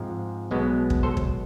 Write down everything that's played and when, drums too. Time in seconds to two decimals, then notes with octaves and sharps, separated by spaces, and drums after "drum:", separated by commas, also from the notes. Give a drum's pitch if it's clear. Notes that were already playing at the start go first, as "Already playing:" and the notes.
Already playing: G#2 F3 G#3 C4
0.51 B1 B2 G#3 B3
0.90 drum: kick
1.03 A4 C5
1.17 drum: kick